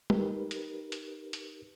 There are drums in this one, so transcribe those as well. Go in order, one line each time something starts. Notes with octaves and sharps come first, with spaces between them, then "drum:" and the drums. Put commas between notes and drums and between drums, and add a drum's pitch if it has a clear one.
D#4 G4 A#4 B4, drum: tom G3
drum: hi-hat
drum: hi-hat
drum: hi-hat